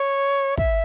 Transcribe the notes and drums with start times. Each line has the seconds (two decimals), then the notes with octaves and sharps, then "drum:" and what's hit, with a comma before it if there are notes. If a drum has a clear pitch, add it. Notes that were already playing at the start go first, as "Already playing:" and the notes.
Already playing: C#5
0.57 E5, drum: kick